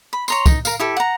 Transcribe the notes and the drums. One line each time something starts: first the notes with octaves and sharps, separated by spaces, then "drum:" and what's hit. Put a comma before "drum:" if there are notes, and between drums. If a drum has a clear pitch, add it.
B5
C#5 A#5 C6, drum: tambourine
D#4, drum: kick, tambourine
A#4 F5, drum: tambourine
E4 G4 A4
F#5 A#5